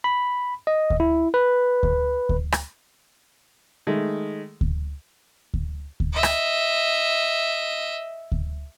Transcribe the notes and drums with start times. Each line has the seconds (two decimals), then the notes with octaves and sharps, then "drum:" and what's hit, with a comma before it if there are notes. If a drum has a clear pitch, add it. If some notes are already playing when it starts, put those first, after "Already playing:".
0.04 B5
0.67 D#5
0.90 drum: kick D2
1.00 E4
1.34 B4
1.83 drum: kick D2
2.29 drum: kick D2
2.52 drum: rim click
3.87 D#3 G#3 A3
4.61 drum: kick D2
5.54 drum: kick D2
6.00 drum: kick D2
6.13 D#5 E5
6.23 drum: rim click
8.32 drum: kick D2